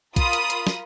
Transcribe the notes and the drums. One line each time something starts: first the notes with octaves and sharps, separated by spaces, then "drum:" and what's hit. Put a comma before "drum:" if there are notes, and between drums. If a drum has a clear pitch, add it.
F4 A#4 B5 D#6, drum: kick, hi-hat
drum: hi-hat
drum: hi-hat
drum: snare